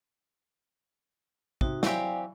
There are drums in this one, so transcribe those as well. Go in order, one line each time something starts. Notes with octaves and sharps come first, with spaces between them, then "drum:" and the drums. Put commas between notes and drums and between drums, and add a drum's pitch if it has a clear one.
C3 D#4 F#4, drum: kick
E3 F#3 C4 G4 D5 E5 F5 G#5, drum: snare